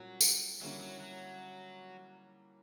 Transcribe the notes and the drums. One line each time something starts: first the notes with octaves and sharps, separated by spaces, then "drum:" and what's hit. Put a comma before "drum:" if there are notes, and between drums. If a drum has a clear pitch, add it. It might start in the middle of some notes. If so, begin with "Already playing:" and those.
Already playing: A#2 F#3 G3 A#3 C#4
drum: tambourine
D3 F#3 G3 A#3 C#4 E4
F#3
F#3